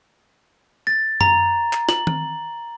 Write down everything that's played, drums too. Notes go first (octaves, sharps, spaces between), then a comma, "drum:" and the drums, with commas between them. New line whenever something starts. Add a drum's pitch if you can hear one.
A6
A#5, drum: tom F#2
drum: clap
F#7, drum: snare
drum: tom D#3